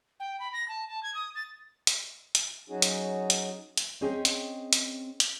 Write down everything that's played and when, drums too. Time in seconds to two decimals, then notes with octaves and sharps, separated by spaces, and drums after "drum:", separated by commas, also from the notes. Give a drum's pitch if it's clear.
0.20 G5
0.40 B5
0.53 A#6
0.68 A5
0.88 A5
1.03 G#6
1.15 D#6
1.35 A6
1.87 drum: hi-hat
2.35 drum: hi-hat
2.69 F#3 C#4 D#4 F#4 G#4
2.82 drum: hi-hat
3.30 drum: hi-hat
3.77 drum: hi-hat
4.01 C4 C#4 G#4 D#5 G5
4.25 drum: hi-hat
4.73 drum: hi-hat
5.20 drum: hi-hat